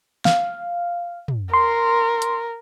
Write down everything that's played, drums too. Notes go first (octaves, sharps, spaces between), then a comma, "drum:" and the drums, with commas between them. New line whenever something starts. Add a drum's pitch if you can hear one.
F5, drum: snare
drum: tom
A#4 C6
drum: hi-hat